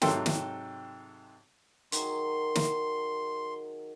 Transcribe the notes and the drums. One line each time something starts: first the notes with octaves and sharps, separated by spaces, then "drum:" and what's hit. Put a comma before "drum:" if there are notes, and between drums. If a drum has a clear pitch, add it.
G#2 C3 F#3 A4 G5 C6, drum: snare
drum: snare
D#3 F#3 G#4 C6, drum: hi-hat
drum: snare